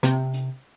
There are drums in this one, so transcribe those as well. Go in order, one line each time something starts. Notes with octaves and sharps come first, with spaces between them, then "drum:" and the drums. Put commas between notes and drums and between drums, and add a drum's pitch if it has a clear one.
C3, drum: snare
drum: hi-hat